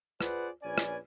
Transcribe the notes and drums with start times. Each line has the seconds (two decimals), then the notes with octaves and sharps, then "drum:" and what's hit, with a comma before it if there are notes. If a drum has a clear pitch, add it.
0.21 F4 G#4 B4 C5 D5 F#5, drum: rim click
0.62 A#1 C#4 B4 D5 G#5
0.78 drum: rim click